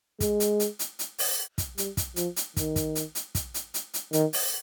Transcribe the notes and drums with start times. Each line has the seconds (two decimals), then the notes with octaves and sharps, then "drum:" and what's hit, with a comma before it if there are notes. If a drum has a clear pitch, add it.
0.20 G#3, drum: kick, hi-hat
0.40 drum: hi-hat
0.60 drum: hi-hat
0.79 drum: hi-hat
0.99 drum: hi-hat
1.19 drum: open hi-hat
1.58 drum: kick, hi-hat
1.78 G3, drum: hi-hat
1.97 drum: kick, hi-hat
2.16 F3, drum: hi-hat
2.36 drum: hi-hat
2.57 D#3, drum: kick, hi-hat
2.76 drum: kick, hi-hat
2.95 drum: hi-hat
3.15 drum: hi-hat
3.35 drum: kick, hi-hat
3.54 drum: hi-hat
3.74 drum: hi-hat
3.94 drum: hi-hat
4.13 D#3, drum: hi-hat
4.33 drum: open hi-hat